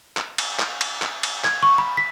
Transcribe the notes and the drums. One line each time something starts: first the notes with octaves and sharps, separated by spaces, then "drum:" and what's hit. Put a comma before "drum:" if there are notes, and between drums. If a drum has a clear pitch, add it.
drum: clap
drum: cymbal
drum: clap
drum: cymbal
drum: clap
drum: cymbal
G#6, drum: clap
C#6
B5
B6